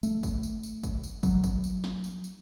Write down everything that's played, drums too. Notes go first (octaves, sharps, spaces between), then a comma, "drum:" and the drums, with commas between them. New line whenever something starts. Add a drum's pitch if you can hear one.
A3, drum: tambourine
drum: kick, tambourine
drum: tambourine
drum: tambourine
drum: kick, tambourine
drum: tambourine
F#3, drum: kick, tambourine
drum: kick, tambourine
drum: tambourine
drum: snare
drum: tambourine
drum: tambourine